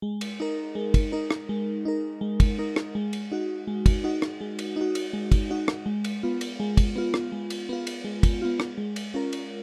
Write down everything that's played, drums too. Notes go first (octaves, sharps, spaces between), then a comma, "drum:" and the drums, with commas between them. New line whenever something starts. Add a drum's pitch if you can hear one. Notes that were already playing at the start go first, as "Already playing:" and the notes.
G#3
drum: cymbal
D#4 A#4
G#3
drum: kick, cymbal
D#4 A#4
drum: rim click
G#3
D#4 A#4
G#3
drum: kick, cymbal
D#4 A#4
drum: rim click
G#3
drum: cymbal
D#4 F#4
G#3
drum: kick, cymbal
D#4 F#4
drum: rim click
G#3
drum: cymbal
D#4 F#4
drum: cymbal
G#3
drum: kick, cymbal
D#4 F#4
drum: rim click
G#3
drum: cymbal
B3 F4
drum: cymbal
G#3
drum: kick, cymbal
B3 F4
drum: rim click
G#3
drum: cymbal
B3 F4
drum: cymbal
G#3
drum: kick, cymbal
B3 F4
drum: rim click
G#3
drum: cymbal
C#4 F4 A#4
drum: cymbal